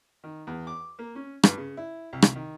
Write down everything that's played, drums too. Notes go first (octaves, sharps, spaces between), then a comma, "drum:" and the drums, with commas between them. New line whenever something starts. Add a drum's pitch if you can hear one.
D#3
E2
D6
A#3
C#4
G2, drum: rim click
C#3
E4
C2
drum: rim click
D#3